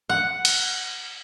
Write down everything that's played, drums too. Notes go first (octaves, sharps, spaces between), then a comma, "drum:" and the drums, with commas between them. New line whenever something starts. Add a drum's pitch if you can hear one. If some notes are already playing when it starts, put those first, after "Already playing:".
F#5
drum: cymbal